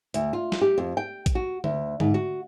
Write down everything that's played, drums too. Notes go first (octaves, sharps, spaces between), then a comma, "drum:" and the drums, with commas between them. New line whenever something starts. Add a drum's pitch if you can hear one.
D2, drum: hi-hat
F4
drum: snare
G4
F2
G5
drum: kick A#1, hi-hat
F#4
D2, drum: tom D3
G#2, drum: tom D3
F#4